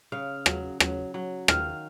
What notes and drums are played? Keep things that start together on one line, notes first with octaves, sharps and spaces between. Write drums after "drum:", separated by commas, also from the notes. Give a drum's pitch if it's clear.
C#3 F5
F#3, drum: rim click
F#3, drum: rim click
F#3
D#3 F5, drum: rim click